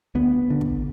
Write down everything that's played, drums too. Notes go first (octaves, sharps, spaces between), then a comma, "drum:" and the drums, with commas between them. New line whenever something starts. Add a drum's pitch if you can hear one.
D2 B3
D3
drum: kick